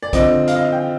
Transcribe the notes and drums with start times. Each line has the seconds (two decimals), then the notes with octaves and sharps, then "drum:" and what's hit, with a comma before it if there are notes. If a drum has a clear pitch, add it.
0.03 D5
0.13 D3 F3 C4 D#5, drum: kick, hi-hat
0.47 F5, drum: hi-hat
0.55 D#5
0.64 F5
0.72 G5